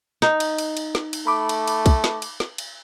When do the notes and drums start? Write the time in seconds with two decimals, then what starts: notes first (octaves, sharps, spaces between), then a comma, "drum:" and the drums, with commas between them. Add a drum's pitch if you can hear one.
0.22 D#4, drum: snare
0.40 drum: cymbal
0.58 drum: cymbal
0.77 drum: cymbal
0.95 drum: snare
1.13 drum: cymbal
1.27 A3 B5 D6
1.49 drum: cymbal
1.68 drum: cymbal
1.86 drum: kick B1, cymbal
2.04 drum: snare
2.22 drum: cymbal
2.40 drum: snare
2.58 drum: cymbal